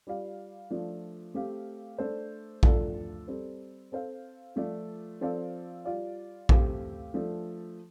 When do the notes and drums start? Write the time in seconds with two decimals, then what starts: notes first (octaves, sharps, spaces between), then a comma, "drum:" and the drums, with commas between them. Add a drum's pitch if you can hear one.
0.07 G3 F4 D5 F5
0.70 F3 A3 D4 F4
1.34 A3 C4 G4 F5
1.99 A3 D4 A4 C5
2.63 F3 A3 D4 F4 A4, drum: kick A#1
3.27 G3 C4 A4
3.92 C4 A4 C5 F5
4.56 F3 A3 F4 D5
5.21 F3 C4 A4 D5 F5
5.84 G3 F4 D5 F5
6.49 A3 C4 G4 F5, drum: kick A#1
7.14 F3 A3 D4 A4